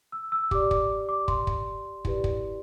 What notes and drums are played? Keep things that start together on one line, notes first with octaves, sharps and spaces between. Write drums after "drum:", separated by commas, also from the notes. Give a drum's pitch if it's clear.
E6
E6
G4 D5 D6, drum: kick
D6, drum: kick
D6
C6, drum: kick
drum: kick
E4 G4 B4 D5, drum: kick
drum: kick